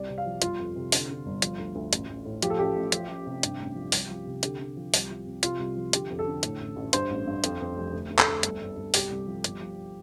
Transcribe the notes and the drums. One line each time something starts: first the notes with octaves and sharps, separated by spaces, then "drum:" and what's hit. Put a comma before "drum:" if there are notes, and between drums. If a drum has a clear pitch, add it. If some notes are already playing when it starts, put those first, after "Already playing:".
Already playing: C2 D5
C3
F5
F3
G1 F4, drum: hi-hat
F2
C3
D3, drum: open hi-hat
D3
G1
F3, drum: hi-hat
D2
D2
A1, drum: hi-hat
A1
A2
F3 G4, drum: hi-hat
A4
A1 G4
A1
F3, drum: hi-hat
F3
C3
G2, drum: hi-hat
A1
F3
C2, drum: open hi-hat
F3
C3
D3 G4, drum: hi-hat
D3
F3
C2, drum: open hi-hat
F3
C3
C3 F4, drum: hi-hat
C2
F3
D3 G4, drum: hi-hat
F2
A4
D3
A2, drum: hi-hat
A1
A1
G2 C5, drum: hi-hat
A1
G2
F2, drum: hi-hat
F2
F1
D2
D2
A4, drum: clap
D2
G1, drum: hi-hat
G1
G1
C2 G4, drum: open hi-hat
C2
F3
G1, drum: hi-hat
F3